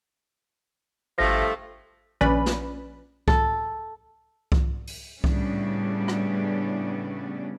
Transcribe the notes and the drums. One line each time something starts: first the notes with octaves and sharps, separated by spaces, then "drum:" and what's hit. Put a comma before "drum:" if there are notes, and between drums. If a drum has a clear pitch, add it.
G#1 G2 F3 A3 A#6
A#1 C#4 B4 D5 B5, drum: tom
drum: snare
A4, drum: kick C2
drum: kick C2
drum: open hi-hat
A2 C#3 G3 B3 C#4 D4, drum: kick C2
drum: rim click